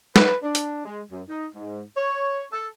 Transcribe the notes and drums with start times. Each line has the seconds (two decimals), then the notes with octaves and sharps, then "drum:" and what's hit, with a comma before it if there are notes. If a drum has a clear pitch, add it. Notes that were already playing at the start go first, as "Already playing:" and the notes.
0.16 B4, drum: snare
0.43 D4
0.55 drum: hi-hat
0.86 G#3
1.11 F#2
1.29 D#4
1.54 G#2
1.97 C#5
2.53 A4